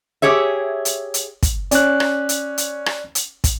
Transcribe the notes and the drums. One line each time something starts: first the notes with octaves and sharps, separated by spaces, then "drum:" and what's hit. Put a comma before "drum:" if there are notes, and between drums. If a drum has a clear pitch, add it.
G4 G#4 C#5 E5
drum: hi-hat
drum: hi-hat
drum: kick, hi-hat
C#4 D5 F#6, drum: hi-hat
drum: rim click
drum: hi-hat
drum: hi-hat
drum: rim click
drum: hi-hat
drum: kick, hi-hat